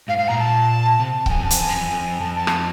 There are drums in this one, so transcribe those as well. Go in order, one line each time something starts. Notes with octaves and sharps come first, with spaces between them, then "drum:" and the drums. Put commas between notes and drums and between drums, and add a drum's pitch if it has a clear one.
G#2 F5
G#2 F5
A#2 A#5
A5
C3
G5, drum: kick C#1
F2 G#5
F#2
A5
F2, drum: hi-hat
E2 G#5
F#2
F2
F2
F2 A5
A5
drum: rim click